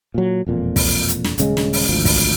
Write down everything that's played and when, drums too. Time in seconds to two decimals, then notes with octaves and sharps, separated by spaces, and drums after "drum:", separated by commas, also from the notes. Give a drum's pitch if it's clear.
0.14 A#2 F#3
0.47 E1 F2 A#2
0.76 drum: kick, open hi-hat
1.08 drum: hi-hat
1.24 drum: snare
1.38 D#1 C#3 G#3, drum: hi-hat
1.57 drum: snare
1.73 drum: open hi-hat
1.89 G#1 D2 F3
2.05 drum: kick, open hi-hat